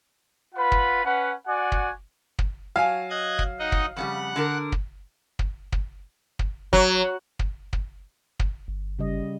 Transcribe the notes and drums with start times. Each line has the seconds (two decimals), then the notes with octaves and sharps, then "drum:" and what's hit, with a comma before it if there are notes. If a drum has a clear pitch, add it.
0.55 F4 B4 F#5 B5
0.72 drum: kick
1.03 C#4 B4 F#5
1.46 F#4 D5 F#5 G#5
1.72 drum: kick
2.39 drum: kick
2.76 F#3 F5 G#5
3.10 D#5 F#6 G#6
3.39 drum: kick
3.59 D#4 D#5 F#5
3.72 drum: kick
3.96 F2 C#3 G3 F#5 F#6
4.36 D3 D4 A#4
4.72 drum: kick
5.39 drum: kick
5.72 drum: kick
6.39 drum: kick
6.73 F#3, drum: kick
7.39 drum: kick
7.73 drum: kick
8.40 drum: kick
8.68 G1
8.99 C#3 G3 D#5